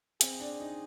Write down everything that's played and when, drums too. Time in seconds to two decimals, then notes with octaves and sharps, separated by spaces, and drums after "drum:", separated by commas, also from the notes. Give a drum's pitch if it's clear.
0.21 C4 G#4, drum: hi-hat
0.40 D4
0.60 D#4